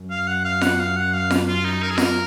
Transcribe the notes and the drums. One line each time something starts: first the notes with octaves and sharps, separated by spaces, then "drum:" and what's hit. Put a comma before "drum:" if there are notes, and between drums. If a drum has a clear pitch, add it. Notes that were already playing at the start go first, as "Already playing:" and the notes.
Already playing: F#2
F5
F#5
F5
F#5, drum: snare F4
F5
F#5
F5
drum: snare F4
F4
D#4
A#4
G#4
A#4, drum: snare F4